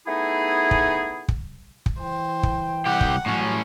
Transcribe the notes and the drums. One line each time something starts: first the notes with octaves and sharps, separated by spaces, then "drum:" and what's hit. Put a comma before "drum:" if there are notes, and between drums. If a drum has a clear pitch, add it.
A3 B3 D#4 E4 G#4
drum: kick
drum: kick
drum: kick
E3 C5 G5
drum: kick
C2 G4 F#5
drum: kick
A2 F#3 G3 C#4